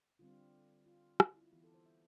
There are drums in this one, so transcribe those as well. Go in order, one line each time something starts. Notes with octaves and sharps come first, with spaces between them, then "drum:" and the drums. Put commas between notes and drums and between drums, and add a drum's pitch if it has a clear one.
D3 G3 C4 F4
F4
drum: rim click
E4
F4
E3 B3 G4
A4
C5
E5